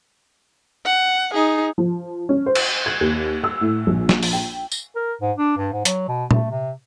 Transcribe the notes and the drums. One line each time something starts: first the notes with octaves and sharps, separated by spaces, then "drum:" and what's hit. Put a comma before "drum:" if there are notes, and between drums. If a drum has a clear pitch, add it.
F#5
D#4 G#4
F3
C#4
C5
drum: cymbal
G#6
D#2
E6
A2
A#1
drum: snare
drum: open hi-hat
G5
drum: tambourine
A#4
G#2
D4
G2
G#2
F#3, drum: hi-hat
B2
A3, drum: tom A#2
C3